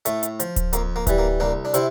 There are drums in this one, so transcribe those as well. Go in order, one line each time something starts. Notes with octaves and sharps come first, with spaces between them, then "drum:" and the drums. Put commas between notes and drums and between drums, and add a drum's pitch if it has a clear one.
A2 A3, drum: hi-hat
drum: hi-hat
F3, drum: hi-hat
drum: kick D1, hi-hat
F2 A#3, drum: hi-hat
A#3
E3 G3, drum: kick D1, hi-hat
A#3
C2 A#3 D4
D4
C3 C4 E4, drum: hi-hat